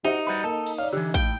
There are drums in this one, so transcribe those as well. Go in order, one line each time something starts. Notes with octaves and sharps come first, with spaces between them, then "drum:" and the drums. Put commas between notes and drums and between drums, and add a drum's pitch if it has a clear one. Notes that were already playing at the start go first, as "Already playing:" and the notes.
D#4 F#4 G4 C5 E5
G3 F#4 B4
A#3 A4
drum: cymbal
C#5 D5 F5
D3 E3 G4
A2 G5, drum: kick A1